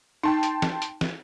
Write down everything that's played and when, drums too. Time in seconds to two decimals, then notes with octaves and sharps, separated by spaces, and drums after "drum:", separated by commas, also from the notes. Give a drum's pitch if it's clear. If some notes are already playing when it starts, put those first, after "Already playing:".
0.23 D#4 G5 A5 C6
0.43 drum: hi-hat
0.62 drum: snare
0.82 drum: hi-hat
1.01 drum: snare